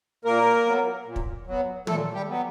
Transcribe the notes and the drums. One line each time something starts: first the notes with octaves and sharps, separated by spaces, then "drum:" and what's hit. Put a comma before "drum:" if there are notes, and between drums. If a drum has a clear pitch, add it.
A#2 A#3 A#4
F#3 B3
A#2
drum: kick
F#3 B3
A#2 A3 A4, drum: tom
G3 G4
F#3 B3